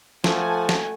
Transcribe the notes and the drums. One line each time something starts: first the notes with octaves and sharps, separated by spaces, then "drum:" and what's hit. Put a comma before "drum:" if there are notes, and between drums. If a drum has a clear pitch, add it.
F3 A3 F#5 G#5 A5, drum: snare
drum: snare